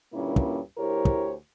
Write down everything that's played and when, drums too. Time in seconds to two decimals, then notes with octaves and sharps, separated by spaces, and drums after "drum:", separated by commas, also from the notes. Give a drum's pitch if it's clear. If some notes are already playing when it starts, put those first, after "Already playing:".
0.13 G2 A#2 D3 A#3 C#4 E4
0.36 drum: kick
0.78 D2 E4 G4 A#4 C5 C#5
1.05 drum: kick